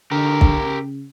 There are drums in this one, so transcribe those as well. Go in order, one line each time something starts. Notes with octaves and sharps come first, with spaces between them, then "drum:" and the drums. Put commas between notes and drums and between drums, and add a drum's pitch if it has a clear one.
D3 G4 A#4
drum: kick
C#3